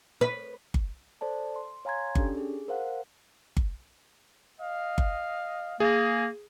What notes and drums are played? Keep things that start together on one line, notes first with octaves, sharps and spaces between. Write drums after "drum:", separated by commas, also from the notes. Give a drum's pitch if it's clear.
B4
drum: kick G1
A4 C5 D5 A5
C6
C#5 F5 G#5 A#5 C6 G#6
C#4 D4 G4 A4, drum: kick G1
G#4
A#4 C5 F5 F#5
drum: kick G1
D#5 F5
drum: kick G1
A#3 G#4